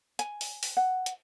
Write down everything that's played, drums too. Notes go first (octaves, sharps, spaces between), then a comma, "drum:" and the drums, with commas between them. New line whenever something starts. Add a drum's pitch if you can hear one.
G#5, drum: hi-hat
drum: open hi-hat
drum: open hi-hat
F#5
drum: hi-hat